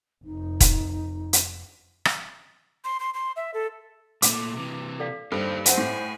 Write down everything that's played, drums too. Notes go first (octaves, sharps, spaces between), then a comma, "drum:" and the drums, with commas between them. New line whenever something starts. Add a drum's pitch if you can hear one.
F1 D#4
drum: kick E1, hi-hat
drum: hi-hat
drum: rim click
C6
C6
C6
E5
A4
A#2 A3 D6, drum: hi-hat
C3 E3
A4 D5 F5
G2 D#4 G4 A4 C5
C5 E5 F#5 G#5, drum: hi-hat
A2 D6